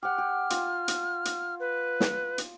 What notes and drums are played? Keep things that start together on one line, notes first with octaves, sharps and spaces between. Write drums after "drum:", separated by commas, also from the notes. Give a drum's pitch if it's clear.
G4 F#5 F6
G4
F4 G#5, drum: hi-hat
drum: hi-hat
drum: hi-hat
B4
drum: snare
drum: hi-hat